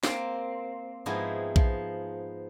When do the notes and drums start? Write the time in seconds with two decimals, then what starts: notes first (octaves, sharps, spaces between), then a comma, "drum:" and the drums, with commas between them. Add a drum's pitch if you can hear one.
0.03 A#3 C4, drum: snare
1.06 G#2 F3 G#3 B3 D#4 E4
1.56 F3, drum: kick A#1